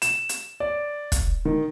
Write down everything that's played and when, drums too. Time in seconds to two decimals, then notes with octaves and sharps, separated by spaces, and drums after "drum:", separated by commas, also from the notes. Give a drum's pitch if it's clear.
0.02 E7, drum: hi-hat
0.29 drum: hi-hat
0.60 D5
1.12 drum: kick, hi-hat
1.45 D#3